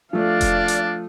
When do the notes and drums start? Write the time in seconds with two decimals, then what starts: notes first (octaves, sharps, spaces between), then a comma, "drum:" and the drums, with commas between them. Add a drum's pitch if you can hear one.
0.13 F3 A3 D4 D5 F5
0.41 drum: kick F1, hi-hat
0.68 drum: hi-hat